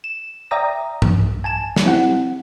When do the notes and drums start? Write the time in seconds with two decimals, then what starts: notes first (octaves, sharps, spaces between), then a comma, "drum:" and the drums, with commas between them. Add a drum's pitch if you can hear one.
0.04 E7
0.51 D5 E5 G5 A#5 D#6 A#6
1.02 B1, drum: tom G2
1.44 G#5 A5 E7
1.76 drum: snare
1.86 C4 E4 G4 F#5